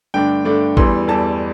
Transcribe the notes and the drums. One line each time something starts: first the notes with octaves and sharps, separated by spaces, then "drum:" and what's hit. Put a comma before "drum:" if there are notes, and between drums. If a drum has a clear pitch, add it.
G2 D3 A3 D4 G5
G2 D3 A3 D4
E2 E3 G3 C6, drum: kick
E2 E3 G3 A5